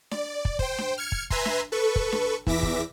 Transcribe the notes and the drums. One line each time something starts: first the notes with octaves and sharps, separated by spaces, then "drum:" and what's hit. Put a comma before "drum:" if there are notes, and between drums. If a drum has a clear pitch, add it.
D5, drum: snare D4
drum: kick
C5 G5, drum: kick
drum: snare D4
F6 G#6 C#7
drum: kick
B4 E5 G#5 A#5 C6, drum: kick
drum: snare D4
A4 B4 C#6
drum: kick
drum: snare D4
E2 E3 E5 D6 A#6 B6, drum: kick
drum: kick